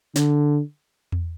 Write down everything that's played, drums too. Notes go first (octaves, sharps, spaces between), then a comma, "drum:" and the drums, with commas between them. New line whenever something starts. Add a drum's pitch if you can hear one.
D3, drum: snare
drum: tom E2